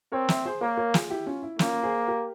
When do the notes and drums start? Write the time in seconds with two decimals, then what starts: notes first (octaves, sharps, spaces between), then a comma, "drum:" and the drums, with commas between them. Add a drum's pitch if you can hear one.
0.12 C4 A#4 C#5
0.29 C5 E5, drum: snare
0.46 G#4 C5
0.61 A#3 A#4 C#5
0.78 A#4 C#5
0.94 F4 G#4, drum: snare
1.10 E4 G4
1.26 C#4 F4
1.43 E4
1.59 A#3 C#4 F4, drum: snare
1.83 G#4 C5
2.08 G4 A#4